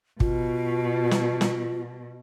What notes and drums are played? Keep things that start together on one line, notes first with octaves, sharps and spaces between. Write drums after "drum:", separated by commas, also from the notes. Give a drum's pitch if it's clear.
B2 F4, drum: kick
drum: snare
drum: snare